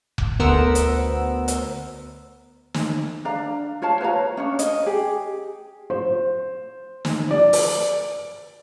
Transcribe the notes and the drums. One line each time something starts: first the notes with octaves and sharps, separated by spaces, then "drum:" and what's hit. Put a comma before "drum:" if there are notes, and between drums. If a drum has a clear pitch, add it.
drum: kick F1
D2 B3 A#4 C5 F#5 E6
drum: hi-hat
drum: hi-hat
drum: snare
D4 D5 F5 A#5
F4 C#5 F5 A5
B4 C#5 F5 A#5
C#4 D4 C#5
D#5, drum: hi-hat
G4 G#4
C5
drum: snare
D5
drum: open hi-hat